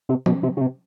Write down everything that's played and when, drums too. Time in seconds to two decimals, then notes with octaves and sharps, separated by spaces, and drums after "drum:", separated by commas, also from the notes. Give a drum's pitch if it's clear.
0.09 C3
0.26 B2, drum: tom
0.43 C3
0.57 C#3
0.61 C3